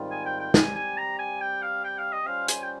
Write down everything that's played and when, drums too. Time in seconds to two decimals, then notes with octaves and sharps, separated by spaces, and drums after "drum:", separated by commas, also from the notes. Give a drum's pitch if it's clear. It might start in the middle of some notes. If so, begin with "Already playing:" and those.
Already playing: G#2 D#3 G3 C4 F4
0.11 G#5
0.26 G5
0.40 G5
0.54 G3 C4 G4 G#5, drum: snare
0.76 G#5
0.97 A#5
1.19 G#5
1.41 G5
1.62 F5
1.84 G5
1.98 F5
2.13 D#5
2.27 G3 C#4 F4 C5 F5
2.48 G#5, drum: hi-hat
2.63 G5